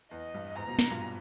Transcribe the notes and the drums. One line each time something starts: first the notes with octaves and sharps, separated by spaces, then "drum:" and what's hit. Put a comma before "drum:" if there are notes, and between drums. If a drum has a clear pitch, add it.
E2 D#5
G2
E2 G#2 A#5
G#2 B2
drum: snare
G2 A#2